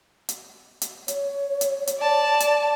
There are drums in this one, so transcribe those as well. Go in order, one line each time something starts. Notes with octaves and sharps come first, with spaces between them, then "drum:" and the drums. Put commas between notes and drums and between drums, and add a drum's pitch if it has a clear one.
drum: hi-hat
drum: hi-hat
C#5, drum: hi-hat
drum: hi-hat
drum: hi-hat
D5 A5
drum: hi-hat